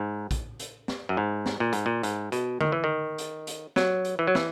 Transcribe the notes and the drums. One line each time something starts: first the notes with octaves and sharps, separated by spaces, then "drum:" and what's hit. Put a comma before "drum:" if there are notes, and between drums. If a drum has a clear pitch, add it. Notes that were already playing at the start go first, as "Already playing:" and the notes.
Already playing: G#2
drum: kick A#1, hi-hat
drum: hi-hat
drum: snare
F#2
G#2
drum: snare
A#2
G#2, drum: hi-hat
A#2
G#2, drum: hi-hat
B2, drum: hi-hat
D#3, drum: tom D3
E3
D#3
drum: hi-hat
drum: hi-hat
F#3, drum: snare
drum: hi-hat
E3
F#3
E3, drum: snare